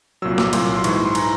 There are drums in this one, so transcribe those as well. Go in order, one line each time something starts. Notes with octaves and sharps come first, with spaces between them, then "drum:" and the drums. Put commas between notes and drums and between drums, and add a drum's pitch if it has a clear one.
C2 A#2 F#3 E6
D6, drum: snare
C2 A#2 F#3 C6, drum: cymbal
C6
G#2 E3 C#6, drum: cymbal
C6
C6
E3 A#5, drum: cymbal